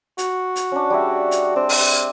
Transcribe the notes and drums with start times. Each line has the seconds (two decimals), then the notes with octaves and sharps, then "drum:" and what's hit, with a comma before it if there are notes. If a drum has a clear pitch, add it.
0.18 F#4, drum: hi-hat
0.56 drum: hi-hat
0.72 C#4 D4
0.90 G3 G#4 E5
1.31 drum: hi-hat
1.56 C4 D4
1.69 drum: open hi-hat